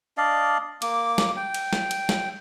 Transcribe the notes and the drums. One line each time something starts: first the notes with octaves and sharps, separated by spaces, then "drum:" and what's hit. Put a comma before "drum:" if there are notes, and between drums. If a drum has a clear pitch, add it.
D4 D5 D#5 F5
A#3 D6, drum: cymbal
drum: snare
G5
drum: cymbal
drum: snare
drum: cymbal
drum: snare